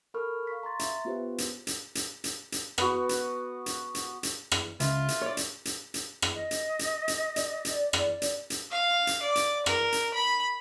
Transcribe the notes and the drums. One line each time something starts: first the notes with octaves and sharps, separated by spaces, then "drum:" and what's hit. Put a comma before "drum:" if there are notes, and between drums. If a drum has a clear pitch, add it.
A4 A#4 B5 C#6 F6
F5 C#6 B6
A#5 C6 A6
E5, drum: hi-hat
B3 F4 G4 B4 C5
drum: hi-hat
drum: hi-hat
drum: hi-hat
drum: hi-hat
drum: hi-hat
B3 F#4, drum: rim click
drum: hi-hat
drum: hi-hat
drum: hi-hat
drum: hi-hat
drum: rim click
C#2 F4 E5, drum: hi-hat
drum: hi-hat
C#5 D5
drum: hi-hat
drum: hi-hat
drum: hi-hat
drum: rim click
D#5
drum: hi-hat
drum: hi-hat
drum: hi-hat
D5, drum: hi-hat
drum: hi-hat
drum: rim click
drum: hi-hat
drum: hi-hat
F5
drum: hi-hat
D5
drum: hi-hat
A#4, drum: rim click
drum: hi-hat
B5